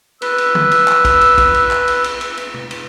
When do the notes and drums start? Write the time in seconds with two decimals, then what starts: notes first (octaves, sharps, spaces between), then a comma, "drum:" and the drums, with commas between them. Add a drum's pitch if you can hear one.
0.22 B4 E6, drum: cymbal
0.38 drum: cymbal
0.55 drum: tom
0.71 drum: cymbal
0.88 drum: clap
1.05 drum: kick, cymbal
1.21 drum: cymbal
1.38 drum: kick, cymbal
1.54 drum: cymbal
1.71 drum: clap
1.88 drum: cymbal
2.04 drum: cymbal
2.21 drum: cymbal
2.37 drum: cymbal
2.54 drum: tom
2.71 drum: cymbal